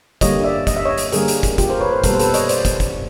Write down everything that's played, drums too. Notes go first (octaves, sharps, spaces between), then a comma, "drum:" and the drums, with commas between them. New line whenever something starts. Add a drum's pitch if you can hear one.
D3 G3 A#3 C#5 D#5, drum: kick, hi-hat
D5 E5
D#5, drum: kick, hi-hat
E5
C#5 D#5
drum: hi-hat
D3 G3 A#3 G#4 A#4, drum: hi-hat
drum: hi-hat
drum: kick, hi-hat
F4 G4, drum: kick, hi-hat
A#4 C5
B4 C#5
A#4 C5
B2 G3 A#3 A4 B4, drum: kick, hi-hat
C5
A4 B4, drum: hi-hat
C#5 D#5, drum: hi-hat
C5 D5, drum: hi-hat
drum: kick, hi-hat
drum: kick, hi-hat